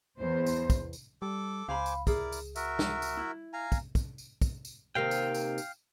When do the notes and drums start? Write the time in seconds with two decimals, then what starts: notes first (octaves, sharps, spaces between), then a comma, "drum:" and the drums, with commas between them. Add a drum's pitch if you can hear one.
0.19 E2 C5
0.46 drum: tambourine
0.70 drum: kick, tambourine
0.93 drum: tambourine
1.22 G3 A4 D6
1.68 C#2 C5 F5 G#5 B5 D6
1.86 drum: tambourine
2.07 E4 G#4 A#4 D5, drum: kick, tambourine
2.32 drum: tambourine
2.56 F#4 A#4 E5, drum: tambourine
2.79 drum: snare
3.02 drum: tambourine
3.17 E4
3.53 F5 G#5 A#5
3.72 drum: kick, tambourine
3.95 drum: kick, tambourine
4.18 drum: tambourine
4.42 drum: kick, tambourine
4.65 drum: tambourine
4.95 C3 D#3 A#3 F5 G5
5.11 drum: tambourine
5.34 drum: tambourine
5.58 drum: tambourine